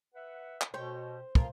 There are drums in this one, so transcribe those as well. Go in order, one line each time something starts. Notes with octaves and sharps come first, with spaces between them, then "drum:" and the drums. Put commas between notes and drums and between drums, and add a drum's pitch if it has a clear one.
B4 E5 F#5
drum: clap
B2 G4 C5 C#5
B2 F4 A#4, drum: kick